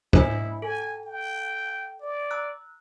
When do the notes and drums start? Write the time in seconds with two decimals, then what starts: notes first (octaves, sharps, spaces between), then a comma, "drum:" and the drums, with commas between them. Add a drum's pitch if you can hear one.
0.13 A3 E4 D#5 G#5, drum: kick
0.62 A4 G#5
1.05 G5
2.01 D5
2.31 A#5 E6 F#6